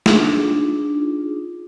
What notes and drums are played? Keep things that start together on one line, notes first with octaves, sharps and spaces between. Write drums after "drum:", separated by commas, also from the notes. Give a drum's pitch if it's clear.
D4 D#4 F4 G#4, drum: snare